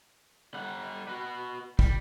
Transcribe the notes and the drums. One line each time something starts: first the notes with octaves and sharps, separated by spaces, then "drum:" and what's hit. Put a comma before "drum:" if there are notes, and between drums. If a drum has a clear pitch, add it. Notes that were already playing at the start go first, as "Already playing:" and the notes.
G3 F#5
F#4 B4
G3, drum: kick